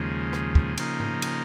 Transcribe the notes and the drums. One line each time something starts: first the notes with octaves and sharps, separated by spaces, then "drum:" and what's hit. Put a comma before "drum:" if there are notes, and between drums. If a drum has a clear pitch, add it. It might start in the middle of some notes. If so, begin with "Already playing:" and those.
Already playing: D#2 C#3 F3 G#3
drum: rim click
drum: kick
C#3 F3 A#3 D#4, drum: cymbal
drum: tom G#2
drum: cymbal